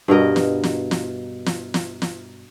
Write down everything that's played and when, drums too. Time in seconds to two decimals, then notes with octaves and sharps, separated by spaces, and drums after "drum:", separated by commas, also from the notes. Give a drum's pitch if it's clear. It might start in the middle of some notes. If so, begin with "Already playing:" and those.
0.08 G2 B2 A#4 D#5
0.36 drum: snare
0.64 drum: snare
0.91 drum: snare
1.46 drum: snare
1.74 drum: snare
2.02 drum: snare